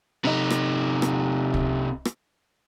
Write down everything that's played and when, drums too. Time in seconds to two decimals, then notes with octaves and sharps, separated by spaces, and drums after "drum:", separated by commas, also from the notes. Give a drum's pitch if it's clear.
0.25 C3 D#4
0.50 drum: rim click
1.02 drum: rim click
1.54 drum: kick
2.05 drum: rim click